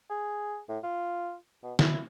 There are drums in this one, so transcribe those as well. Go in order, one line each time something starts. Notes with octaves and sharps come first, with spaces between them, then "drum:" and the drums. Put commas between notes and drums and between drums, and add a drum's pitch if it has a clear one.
G#4
A2
F4
B2
E4, drum: snare